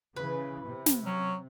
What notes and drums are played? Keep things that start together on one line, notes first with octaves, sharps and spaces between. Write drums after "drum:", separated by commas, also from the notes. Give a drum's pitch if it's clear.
C#3 E3 B4
C3
drum: snare
F#3 C#4